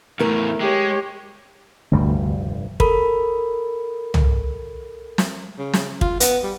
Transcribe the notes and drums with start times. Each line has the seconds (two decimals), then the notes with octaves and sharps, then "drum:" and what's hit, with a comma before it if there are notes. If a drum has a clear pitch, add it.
0.19 E2 A2 A3 E4 A#4
0.61 G#3 G4 C#5
1.92 F1 D2 G2 G3
2.80 A4 A#4 B5, drum: kick
4.14 drum: tom C2
5.18 drum: snare
5.58 C#3
5.73 drum: snare
6.01 F4, drum: kick
6.20 B3, drum: hi-hat
6.43 G3